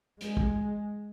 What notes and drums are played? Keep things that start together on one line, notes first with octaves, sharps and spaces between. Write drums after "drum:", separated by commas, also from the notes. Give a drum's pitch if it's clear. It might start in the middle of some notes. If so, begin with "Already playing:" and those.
G#3, drum: hi-hat
drum: kick